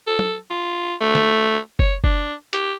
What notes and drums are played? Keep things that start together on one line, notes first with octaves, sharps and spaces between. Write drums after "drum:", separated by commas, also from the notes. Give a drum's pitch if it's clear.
A4
drum: tom
F4
A3
drum: snare
C#5, drum: kick F#1
D4, drum: kick F#1
G4, drum: hi-hat